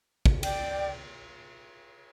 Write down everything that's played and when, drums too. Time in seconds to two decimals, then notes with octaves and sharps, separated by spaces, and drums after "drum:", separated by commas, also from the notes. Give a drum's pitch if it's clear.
0.26 drum: kick
0.43 D5 G5, drum: cymbal